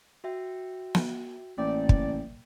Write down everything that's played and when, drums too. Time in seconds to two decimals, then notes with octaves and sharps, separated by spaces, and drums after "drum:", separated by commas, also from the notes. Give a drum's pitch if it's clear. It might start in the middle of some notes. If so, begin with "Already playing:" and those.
0.24 F#4 E5 G5
0.95 drum: snare
1.58 A1 A#3 D5 G5
1.89 drum: kick